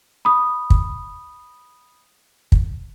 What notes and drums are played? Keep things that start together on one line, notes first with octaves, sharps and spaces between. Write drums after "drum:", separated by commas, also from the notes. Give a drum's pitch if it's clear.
B5 D#6
drum: kick
drum: kick